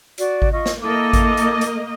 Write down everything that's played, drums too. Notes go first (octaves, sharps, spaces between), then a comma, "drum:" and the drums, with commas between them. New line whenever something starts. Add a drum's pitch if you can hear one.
F#4 D5, drum: hi-hat
drum: kick G#1
F4 D#5 C#6
drum: snare
A#3 E4 A4 D#5 D6
drum: kick G#1, hi-hat
drum: hi-hat
drum: hi-hat